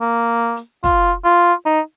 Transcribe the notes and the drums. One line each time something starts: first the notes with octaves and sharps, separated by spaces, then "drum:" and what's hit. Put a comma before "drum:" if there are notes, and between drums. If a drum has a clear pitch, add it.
A#3
drum: hi-hat
F4, drum: kick, hi-hat
F4
D#4